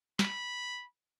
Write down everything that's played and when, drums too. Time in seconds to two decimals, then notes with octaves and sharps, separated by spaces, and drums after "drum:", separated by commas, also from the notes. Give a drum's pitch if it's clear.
0.19 B5, drum: snare